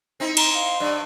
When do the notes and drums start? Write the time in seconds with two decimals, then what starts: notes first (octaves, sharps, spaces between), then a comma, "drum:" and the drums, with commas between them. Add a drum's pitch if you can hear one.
0.20 C4 D#4 E4
0.37 A#5, drum: cymbal
0.53 F5
0.80 G2 D5